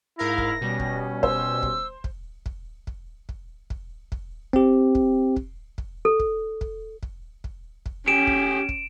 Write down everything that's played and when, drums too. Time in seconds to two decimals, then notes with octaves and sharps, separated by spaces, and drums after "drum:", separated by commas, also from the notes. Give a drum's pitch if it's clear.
0.19 G#2 E4 A#4 F5 A#6
0.38 drum: kick
0.61 B2 G3 C#4
0.80 drum: kick
1.23 C5 E6, drum: kick
1.63 drum: kick
2.04 drum: kick
2.46 drum: kick
2.87 drum: kick
3.29 drum: kick
3.70 drum: kick
4.12 drum: kick
4.53 C4 G4, drum: kick
4.95 drum: kick
5.36 drum: kick
5.78 drum: kick
6.05 A4
6.20 drum: kick
6.61 drum: kick
7.03 drum: kick
7.44 drum: kick
7.86 drum: kick
8.08 C#4 G4 G#4 D7 E7
8.27 drum: kick
8.69 drum: kick